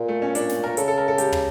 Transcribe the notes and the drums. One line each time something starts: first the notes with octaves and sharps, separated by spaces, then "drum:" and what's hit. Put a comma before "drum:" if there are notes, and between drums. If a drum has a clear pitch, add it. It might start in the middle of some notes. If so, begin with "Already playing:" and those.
Already playing: A#2
A3
C#4
A#2 D4, drum: hi-hat
drum: snare
A#2 A#4
C#3 A4, drum: hi-hat
A4
A#4
A4
G4, drum: hi-hat
drum: tom